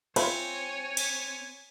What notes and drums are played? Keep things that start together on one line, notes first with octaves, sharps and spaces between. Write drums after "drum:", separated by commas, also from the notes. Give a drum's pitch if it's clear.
C4 F4 C5 C#5 E5 G#5 B5, drum: cymbal
drum: cymbal